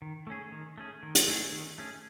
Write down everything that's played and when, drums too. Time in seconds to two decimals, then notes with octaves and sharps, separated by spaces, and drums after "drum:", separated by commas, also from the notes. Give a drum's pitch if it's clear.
0.02 D#3
0.27 A3 C#4 G#4
0.52 D#3
0.78 A3 C#4 G#4
1.03 D#3
1.15 drum: hi-hat
1.28 A3 C#4 G#4
1.53 D#3
1.78 A3 C#4 G#4